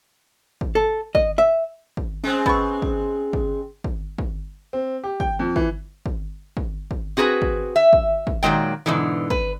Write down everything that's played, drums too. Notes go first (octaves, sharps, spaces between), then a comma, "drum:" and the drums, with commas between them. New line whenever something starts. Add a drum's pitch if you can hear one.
drum: kick
A4
D#5, drum: kick
E5
drum: kick
G#3 C4 C#4
B3 C#6, drum: kick
drum: kick
drum: kick
drum: kick
drum: kick
C4
G4
G5, drum: kick
F2
E3, drum: kick
drum: kick
drum: kick
drum: kick
C4 F#4 G#4 A#4 B4
drum: kick
E5
drum: kick
drum: kick
A#2 D#3 F#3 G#3 G5
G#2 B2 D3 E3
B4, drum: kick